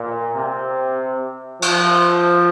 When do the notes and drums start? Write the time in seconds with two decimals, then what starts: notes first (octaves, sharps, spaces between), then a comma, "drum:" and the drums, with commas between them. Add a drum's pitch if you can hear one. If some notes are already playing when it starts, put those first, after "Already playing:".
Already playing: A#2
0.35 C3
1.62 F3, drum: cymbal